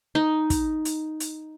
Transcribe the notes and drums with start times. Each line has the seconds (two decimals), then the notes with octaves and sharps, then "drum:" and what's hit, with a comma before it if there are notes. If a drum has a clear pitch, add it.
0.15 D#4
0.50 drum: kick, hi-hat
0.85 drum: hi-hat
1.20 drum: hi-hat